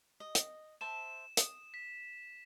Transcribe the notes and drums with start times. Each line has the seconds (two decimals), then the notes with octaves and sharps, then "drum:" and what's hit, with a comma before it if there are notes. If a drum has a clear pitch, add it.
0.20 D#5
0.35 drum: hi-hat
0.81 C5 E5 A5 E7
1.37 D#6, drum: hi-hat
1.74 B6